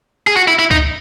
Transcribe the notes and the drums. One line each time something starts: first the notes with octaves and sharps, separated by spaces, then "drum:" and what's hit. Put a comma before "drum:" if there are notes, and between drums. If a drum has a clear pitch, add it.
G#4
F#4
E4
E4
D#4, drum: kick C#2